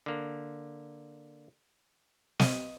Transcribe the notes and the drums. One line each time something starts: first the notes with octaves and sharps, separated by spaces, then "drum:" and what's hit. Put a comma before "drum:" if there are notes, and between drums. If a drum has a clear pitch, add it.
D3 A#3
D#5, drum: snare